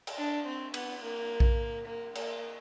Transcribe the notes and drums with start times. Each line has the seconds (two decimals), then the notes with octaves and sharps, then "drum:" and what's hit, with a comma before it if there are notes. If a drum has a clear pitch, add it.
0.07 drum: cymbal
0.17 D4
0.46 C4
0.74 B3, drum: cymbal
1.02 A#3
1.40 drum: kick A#1
1.86 A#3
2.15 A#3, drum: cymbal